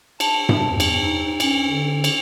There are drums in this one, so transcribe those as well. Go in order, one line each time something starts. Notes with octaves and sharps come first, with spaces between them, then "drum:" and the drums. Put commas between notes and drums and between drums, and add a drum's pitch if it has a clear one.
A5, drum: cymbal
drum: tom G2
E2
drum: cymbal
D#4
C#4, drum: cymbal
D3
drum: cymbal